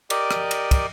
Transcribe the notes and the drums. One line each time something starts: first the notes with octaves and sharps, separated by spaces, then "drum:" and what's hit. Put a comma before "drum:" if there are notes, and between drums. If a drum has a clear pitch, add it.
G4 A#4 D5 D#5, drum: cymbal
drum: rim click
drum: cymbal
drum: kick, cymbal